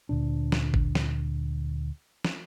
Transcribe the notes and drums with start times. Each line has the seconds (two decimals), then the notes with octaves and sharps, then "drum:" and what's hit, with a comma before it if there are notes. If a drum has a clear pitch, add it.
0.09 D2 A#2 D4
0.52 drum: snare
0.74 drum: kick G#1
0.95 drum: snare
2.25 drum: snare